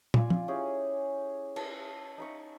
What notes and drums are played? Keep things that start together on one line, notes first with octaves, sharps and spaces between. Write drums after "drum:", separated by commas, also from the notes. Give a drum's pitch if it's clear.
F4 D5 G#5, drum: tom
drum: tom F3
C#4 E4 G4 G#4
A5, drum: cymbal
D#4 B5 C#6